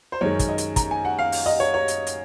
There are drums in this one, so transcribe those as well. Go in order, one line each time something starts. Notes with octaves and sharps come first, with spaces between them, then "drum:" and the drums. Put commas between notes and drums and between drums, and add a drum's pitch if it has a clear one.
C5
F#2 D#3 G#3 C#5
drum: kick, hi-hat
D#5
drum: hi-hat
A#5, drum: kick, hi-hat
G#5
F#5
F5
drum: open hi-hat
D#5
C#5
C#5
drum: hi-hat
drum: hi-hat